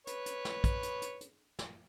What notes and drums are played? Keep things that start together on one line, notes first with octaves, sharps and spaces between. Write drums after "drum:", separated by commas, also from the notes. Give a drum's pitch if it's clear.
B4 C#5, drum: hi-hat
drum: hi-hat
drum: snare
drum: kick, hi-hat
drum: hi-hat
drum: hi-hat
drum: hi-hat
drum: snare